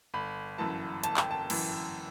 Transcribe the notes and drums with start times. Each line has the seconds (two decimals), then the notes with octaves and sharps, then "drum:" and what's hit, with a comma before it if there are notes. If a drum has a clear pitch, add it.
0.14 G1 B5
0.58 F#2 E3 A5
1.04 G1 A5, drum: hi-hat
1.17 G5, drum: clap
1.31 A5
1.50 F#2 E3, drum: cymbal